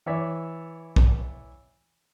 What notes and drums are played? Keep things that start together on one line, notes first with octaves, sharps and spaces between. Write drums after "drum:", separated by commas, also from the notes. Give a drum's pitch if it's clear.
E3 C#5 D5 E5
drum: kick